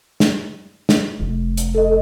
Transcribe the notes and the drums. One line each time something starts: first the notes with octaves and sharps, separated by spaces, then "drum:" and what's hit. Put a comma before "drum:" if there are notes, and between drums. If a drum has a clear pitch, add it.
drum: snare
drum: snare
F1
drum: hi-hat
A4 D#5